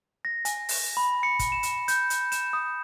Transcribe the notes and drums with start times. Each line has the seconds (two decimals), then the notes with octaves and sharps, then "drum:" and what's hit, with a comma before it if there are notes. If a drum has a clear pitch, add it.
0.25 A#6
0.45 G#5, drum: hi-hat
0.69 drum: open hi-hat
0.97 B5
1.23 C#7
1.39 drum: kick, hi-hat
1.52 E7
1.63 drum: hi-hat
1.88 G6, drum: hi-hat
2.10 drum: hi-hat
2.32 E7, drum: hi-hat
2.53 D#6